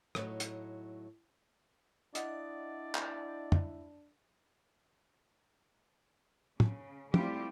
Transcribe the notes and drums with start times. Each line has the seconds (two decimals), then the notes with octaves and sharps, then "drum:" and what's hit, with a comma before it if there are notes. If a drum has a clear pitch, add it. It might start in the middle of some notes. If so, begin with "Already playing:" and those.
0.15 A2 F#3 D#4, drum: rim click
0.40 drum: hi-hat
2.15 D4 E4 D5 D#5 F#5, drum: hi-hat
2.95 drum: clap
3.52 drum: tom
6.60 C#3, drum: tom
7.14 G3 A3 C4 E4 F4 G4, drum: tom